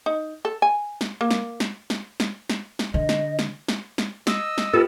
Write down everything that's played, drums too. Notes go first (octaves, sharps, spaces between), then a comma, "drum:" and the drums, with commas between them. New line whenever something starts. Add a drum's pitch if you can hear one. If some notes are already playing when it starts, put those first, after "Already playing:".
D#4
A4
G#5
drum: snare
A#3
drum: snare
drum: snare
drum: snare
drum: snare
drum: snare
drum: snare
D3 D#5
drum: snare
drum: snare
drum: snare
drum: snare
D#5 E6, drum: snare
drum: snare
F4 G4 A4 B4